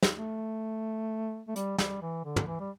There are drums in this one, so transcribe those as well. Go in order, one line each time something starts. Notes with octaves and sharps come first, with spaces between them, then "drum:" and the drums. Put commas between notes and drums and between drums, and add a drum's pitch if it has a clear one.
drum: snare
A3
A3
G3, drum: hi-hat
G3, drum: snare
E3
D3
drum: tom
E3
G3